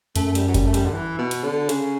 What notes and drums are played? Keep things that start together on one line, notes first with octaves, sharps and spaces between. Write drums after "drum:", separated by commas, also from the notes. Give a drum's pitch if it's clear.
F#2 A3, drum: hi-hat
A3
G3, drum: hi-hat
F#3
G3, drum: kick G1, hi-hat
A3
G3, drum: hi-hat
D3
E3
B2
drum: hi-hat
D3
C#3, drum: hi-hat